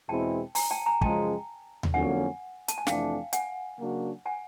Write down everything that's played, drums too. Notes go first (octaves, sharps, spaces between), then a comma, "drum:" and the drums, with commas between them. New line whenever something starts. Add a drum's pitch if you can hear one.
E2 B2 G#3 C4 E4 G5 A5
G#5 A#5, drum: open hi-hat
G5 A5
G#5 A#5
F#2 C#3 F3 G#3 G5 A5, drum: kick
drum: tom D#2
F2 D3 F#3 A#3 C#4 F#5 G#5
A5, drum: hi-hat
G#5
F2 C3 E3 A3 D4 F5 G5, drum: snare
F#5 G#5, drum: hi-hat
C#3 F#3 A#3 D4 F#4
F#5 G#5